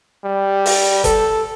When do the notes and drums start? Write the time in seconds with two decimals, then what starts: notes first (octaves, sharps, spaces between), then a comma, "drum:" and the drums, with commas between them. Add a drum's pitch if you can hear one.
0.24 G3
0.66 drum: open hi-hat
1.04 A4, drum: kick F#1, hi-hat